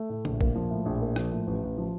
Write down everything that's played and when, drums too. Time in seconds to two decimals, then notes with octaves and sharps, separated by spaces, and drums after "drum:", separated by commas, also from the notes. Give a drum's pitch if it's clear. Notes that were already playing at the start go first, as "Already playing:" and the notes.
Already playing: A3
0.10 A2
0.25 A#1, drum: tom C#3
0.41 A#3, drum: kick
0.56 F3
0.71 A2
0.86 A#1
1.02 A#3
1.16 F3, drum: rim click
1.32 A2
1.47 A1
1.63 A1
1.78 F3